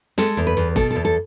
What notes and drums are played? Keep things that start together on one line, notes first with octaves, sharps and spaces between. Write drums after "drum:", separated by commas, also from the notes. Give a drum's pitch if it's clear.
G#3 A4, drum: snare
E2
B4
E2
B2 A4, drum: kick G1
E2 A4
A4